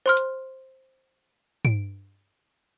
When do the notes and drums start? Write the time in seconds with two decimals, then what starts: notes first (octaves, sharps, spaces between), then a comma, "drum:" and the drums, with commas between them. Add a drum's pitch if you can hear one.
0.06 C5 C6 F6
0.17 drum: hi-hat
1.65 D7, drum: tom